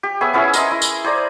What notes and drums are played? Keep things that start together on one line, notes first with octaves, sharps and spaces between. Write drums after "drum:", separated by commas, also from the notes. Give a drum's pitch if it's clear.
G4
B3 G#4 C#5 E5
B3 C#4 E4 G#4
A#4 D#5 C6, drum: tambourine
E4
drum: tambourine
G#4 C5 D5 A#5